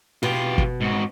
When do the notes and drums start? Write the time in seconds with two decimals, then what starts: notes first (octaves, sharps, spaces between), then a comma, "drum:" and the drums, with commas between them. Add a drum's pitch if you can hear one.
0.23 B2 F4 G4
0.58 drum: kick
0.81 G#2 F#4